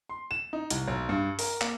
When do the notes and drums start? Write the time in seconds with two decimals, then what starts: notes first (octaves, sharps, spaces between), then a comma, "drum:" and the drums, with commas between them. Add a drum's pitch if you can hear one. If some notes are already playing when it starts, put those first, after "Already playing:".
0.09 C6
0.31 E7
0.53 D#4
0.70 C2, drum: hi-hat
0.88 B1
1.09 G2
1.39 A#4, drum: open hi-hat
1.61 A#3, drum: clap